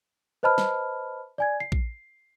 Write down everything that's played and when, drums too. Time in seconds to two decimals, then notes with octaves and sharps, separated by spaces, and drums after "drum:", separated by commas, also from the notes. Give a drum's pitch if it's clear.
0.43 B4 C5 D#5 A5 B5 F6
0.58 drum: snare
1.38 D5 G#5 G#6
1.60 C7
1.72 drum: kick A#1